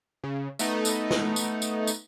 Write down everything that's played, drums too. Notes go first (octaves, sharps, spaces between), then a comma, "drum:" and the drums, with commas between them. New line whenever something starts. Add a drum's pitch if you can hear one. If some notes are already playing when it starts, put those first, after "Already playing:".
C#3
A3 B3 D#4, drum: tambourine
drum: tambourine
drum: snare
drum: tambourine
drum: tambourine
drum: tambourine